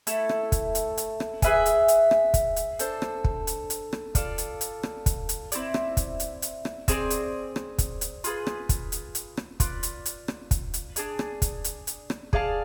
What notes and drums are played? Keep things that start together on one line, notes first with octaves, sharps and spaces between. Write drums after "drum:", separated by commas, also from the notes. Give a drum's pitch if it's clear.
A3 E4 A4, drum: hi-hat
drum: rim click
drum: kick, hi-hat
drum: hi-hat
drum: hi-hat
drum: rim click
G#4 B4 E5 G#5, drum: kick, hi-hat
drum: hi-hat
drum: hi-hat
drum: rim click
drum: kick, hi-hat
drum: hi-hat
D4 A4 C5, drum: hi-hat
drum: rim click
drum: kick
drum: hi-hat
drum: hi-hat
drum: rim click
F4 A4 D5 F5, drum: kick, hi-hat
drum: hi-hat
drum: hi-hat
drum: rim click
drum: kick, hi-hat
drum: hi-hat
C4 E4 G#4 D5, drum: hi-hat
drum: rim click
drum: kick, hi-hat
drum: hi-hat
drum: hi-hat
drum: rim click
C4 G#4 B4 D5, drum: kick, hi-hat
drum: hi-hat
drum: rim click
drum: kick, hi-hat
drum: hi-hat
F4 G#4 B4, drum: hi-hat
drum: rim click
drum: kick, hi-hat
drum: hi-hat
drum: hi-hat
drum: rim click
F4 B4 D5, drum: kick, hi-hat
drum: hi-hat
drum: hi-hat
drum: rim click
drum: kick, hi-hat
drum: hi-hat
D4 G#4 D5, drum: hi-hat
drum: rim click
drum: kick, hi-hat
drum: hi-hat
drum: hi-hat
drum: rim click
G#4 D5 F5 A5, drum: kick